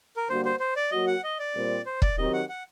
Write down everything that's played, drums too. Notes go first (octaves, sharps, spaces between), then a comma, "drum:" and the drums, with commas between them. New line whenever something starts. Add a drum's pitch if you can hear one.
A#4
D3 G3 A#3 F#4 C5
C5
C5
D5
F#3 A#3 F#4 D#5
F#5
D#5
D5
A#2 G3 C4
C5
D5, drum: kick
D#3 F#3 C4 D#4 G4 D#5
F#5
F#5